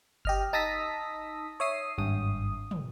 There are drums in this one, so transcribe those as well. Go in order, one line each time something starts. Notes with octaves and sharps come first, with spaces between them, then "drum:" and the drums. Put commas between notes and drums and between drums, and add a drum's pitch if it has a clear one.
G4 D#5 F6, drum: kick G1
D#4 A5 D#6 E6 A#6 B6
C#5 E5 D#6 C7
G#1 G2 D#6
drum: tom